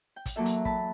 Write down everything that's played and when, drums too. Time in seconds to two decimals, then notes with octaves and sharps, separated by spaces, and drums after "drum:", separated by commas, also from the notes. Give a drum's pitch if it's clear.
0.16 G5
0.26 drum: kick, hi-hat
0.36 E2 F#3 A#3 A4 E5
0.45 drum: hi-hat
0.65 A5 B5, drum: kick